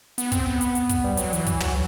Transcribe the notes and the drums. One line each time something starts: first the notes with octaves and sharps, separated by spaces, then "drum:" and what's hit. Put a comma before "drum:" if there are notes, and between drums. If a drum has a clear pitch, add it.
B3, drum: hi-hat
C4, drum: kick, hi-hat
B3
drum: hi-hat
drum: hi-hat
drum: kick, hi-hat
G3
F#3, drum: hi-hat
E3, drum: hi-hat
drum: kick, hi-hat
F#3, drum: tom